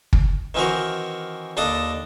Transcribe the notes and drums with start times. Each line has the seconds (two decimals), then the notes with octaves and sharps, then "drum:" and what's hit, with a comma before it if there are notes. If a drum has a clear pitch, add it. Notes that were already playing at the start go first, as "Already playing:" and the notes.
0.13 drum: kick
0.54 D#3 E3 C4 F#4 A#4
1.57 D#2 D4 A4 D#5 D6 D#6